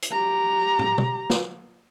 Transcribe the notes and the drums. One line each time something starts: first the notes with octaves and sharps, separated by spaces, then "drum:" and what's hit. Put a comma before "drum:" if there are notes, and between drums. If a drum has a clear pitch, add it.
drum: hi-hat
G4 A#5
drum: tom
drum: tom B2
drum: snare